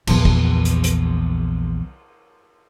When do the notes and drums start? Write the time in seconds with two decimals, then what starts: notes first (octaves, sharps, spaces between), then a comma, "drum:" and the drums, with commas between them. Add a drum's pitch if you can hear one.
0.07 A#1 E2, drum: cymbal
0.25 drum: kick
0.65 drum: hi-hat
0.84 drum: hi-hat